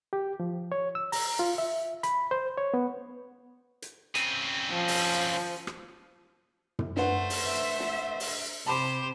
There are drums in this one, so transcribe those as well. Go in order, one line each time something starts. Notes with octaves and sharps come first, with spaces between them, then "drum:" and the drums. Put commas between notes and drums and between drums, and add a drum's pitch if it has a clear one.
G4
F3
C#5
E6
A#5, drum: open hi-hat
F4
E5
B5, drum: hi-hat
C5
C#5
B3
drum: hi-hat
C#3 C4 D#7, drum: hi-hat
F3
drum: open hi-hat
drum: rim click
drum: tom
A3 D4 B4 C5 F#5, drum: snare
drum: open hi-hat
E5
drum: snare
drum: open hi-hat
C3 G4 C5 A5 B5 D6